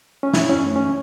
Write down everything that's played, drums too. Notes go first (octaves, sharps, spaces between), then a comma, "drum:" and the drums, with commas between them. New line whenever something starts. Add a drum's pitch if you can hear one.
C#4
E3 E4, drum: snare
F#2 C#4
A3
E3 C#4